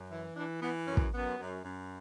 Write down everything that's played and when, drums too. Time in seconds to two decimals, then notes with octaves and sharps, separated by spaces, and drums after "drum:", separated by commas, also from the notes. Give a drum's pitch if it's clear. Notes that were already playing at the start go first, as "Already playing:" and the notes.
Already playing: F#2
0.10 E3
0.36 E3 D4
0.62 E3 B3
0.87 F#2 C#4
0.97 drum: kick
1.13 F#2 B3
1.39 F#2
1.65 F#2